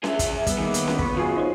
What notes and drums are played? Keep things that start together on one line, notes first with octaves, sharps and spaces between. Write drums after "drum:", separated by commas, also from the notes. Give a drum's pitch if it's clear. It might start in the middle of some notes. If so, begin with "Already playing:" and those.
G#4 E5, drum: snare C#4
drum: kick, hi-hat
G3 B3 E5, drum: kick, hi-hat
D#3 A#3 G#4
drum: hi-hat
drum: snare C#4
B5 C#6, drum: kick
C2 F#2 F4 F#4 G#4
D#4 C5 C#5